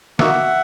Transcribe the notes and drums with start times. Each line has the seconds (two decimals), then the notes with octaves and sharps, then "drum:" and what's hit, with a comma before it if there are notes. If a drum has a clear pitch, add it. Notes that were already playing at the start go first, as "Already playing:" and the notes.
0.19 A#3 D#4 F#4 E5 F#5, drum: snare